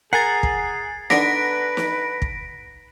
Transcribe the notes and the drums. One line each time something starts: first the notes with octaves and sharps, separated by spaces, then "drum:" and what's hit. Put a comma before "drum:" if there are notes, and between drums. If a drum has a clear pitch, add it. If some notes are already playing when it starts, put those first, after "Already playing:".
G#4 A#4 F#5 G#5 A#5 A6 C7
drum: kick
D3 B3 D4 B4 A#6 B6 D7, drum: snare
drum: snare
drum: kick